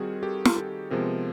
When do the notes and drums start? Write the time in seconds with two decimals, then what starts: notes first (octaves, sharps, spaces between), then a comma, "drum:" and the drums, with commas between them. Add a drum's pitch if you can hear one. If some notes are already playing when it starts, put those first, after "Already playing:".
Already playing: D#3 G3 C4 F4 F#4 G#4
0.23 G4 A4
0.45 drum: snare
0.56 G4 A4
0.91 C3 F3 G#3 B3 G#4 A#4